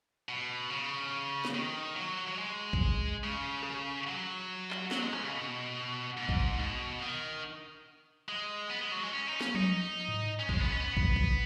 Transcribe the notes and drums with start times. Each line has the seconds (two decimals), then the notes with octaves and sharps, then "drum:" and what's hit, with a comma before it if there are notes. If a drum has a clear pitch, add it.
0.29 B2
0.70 C#3
1.45 drum: snare
1.54 D#3
1.96 F#3
2.27 F#3
2.38 G#3
2.73 drum: kick
3.24 C#3
3.63 drum: rim click
4.07 F#3
4.71 drum: clap
4.91 F#3, drum: snare
5.02 G#3
5.13 C#4, drum: rim click
5.23 C#3
5.33 B2
6.17 G#2
6.29 drum: kick
6.59 B2
7.02 D#3
8.29 G#3
8.70 B3
8.81 G#3
8.92 F#3
9.03 G#3
9.12 C#4
9.27 D#4
9.41 C#4, drum: snare
9.55 D#4, drum: tom F3
10.08 drum: tom G#2
10.39 C#4
10.49 G#3, drum: kick
10.60 B3
10.70 C#4
10.81 B3
10.97 drum: kick
11.16 drum: kick